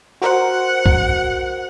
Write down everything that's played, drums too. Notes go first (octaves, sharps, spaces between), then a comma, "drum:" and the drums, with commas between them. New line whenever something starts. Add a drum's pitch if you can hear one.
F#4 A#4 C5 F#5
drum: kick B1